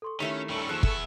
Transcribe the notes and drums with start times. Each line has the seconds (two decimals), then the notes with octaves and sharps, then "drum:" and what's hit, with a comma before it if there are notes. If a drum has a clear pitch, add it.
0.02 A4 C6 C#6
0.20 D#3 A3 C#4 E4 G4 C#6 B6
0.50 G3 C#4 D#4 A4 C#6 F#7
0.69 D#2 F3 G#4 F#6 E7
0.83 B3 E5, drum: kick